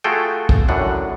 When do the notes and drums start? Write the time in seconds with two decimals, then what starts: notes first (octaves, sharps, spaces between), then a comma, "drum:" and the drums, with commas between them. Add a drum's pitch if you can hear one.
0.04 A3 F4 F#4 G#4 A4 G5
0.49 drum: kick
0.69 F#2 A2 D4 F#5